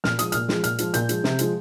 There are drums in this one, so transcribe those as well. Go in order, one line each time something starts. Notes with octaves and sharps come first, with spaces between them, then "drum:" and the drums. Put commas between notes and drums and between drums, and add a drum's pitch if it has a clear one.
A#2 F6, drum: snare
F3 G#3 D#6, drum: hi-hat
A#2 F6, drum: hi-hat
F3 G#3, drum: snare
A#2 F6, drum: hi-hat
F3 G#3, drum: hi-hat
A#2 G6, drum: hi-hat
F3 G#3, drum: hi-hat
C3, drum: snare
F3 G#3, drum: hi-hat